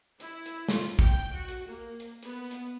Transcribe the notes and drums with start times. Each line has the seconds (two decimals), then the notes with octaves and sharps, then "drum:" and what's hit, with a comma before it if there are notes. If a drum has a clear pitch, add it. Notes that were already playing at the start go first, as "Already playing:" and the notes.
0.20 E4, drum: hi-hat
0.46 drum: hi-hat
0.68 F4, drum: snare
0.99 G5, drum: kick, hi-hat
1.32 F#4
1.48 drum: hi-hat
1.66 A#3
2.00 drum: hi-hat
2.23 B3, drum: hi-hat
2.51 drum: hi-hat